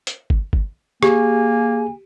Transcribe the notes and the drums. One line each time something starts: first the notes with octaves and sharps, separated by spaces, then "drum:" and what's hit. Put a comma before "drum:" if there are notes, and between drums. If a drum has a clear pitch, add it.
drum: hi-hat
drum: kick
drum: kick
A#3 G4 G#4 G#5, drum: rim click